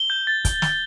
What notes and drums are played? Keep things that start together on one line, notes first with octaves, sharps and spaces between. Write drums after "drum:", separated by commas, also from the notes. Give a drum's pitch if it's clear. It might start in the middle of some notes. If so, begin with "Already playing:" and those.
Already playing: G7
G6
A6
drum: kick, hi-hat
drum: snare